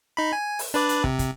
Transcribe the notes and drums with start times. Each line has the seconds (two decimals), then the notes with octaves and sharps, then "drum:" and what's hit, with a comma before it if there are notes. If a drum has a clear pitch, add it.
0.17 D#4 B5
0.33 G#5
0.59 drum: open hi-hat
0.74 D4 B4 D5
0.89 drum: hi-hat
1.04 C3, drum: kick
1.19 drum: kick, hi-hat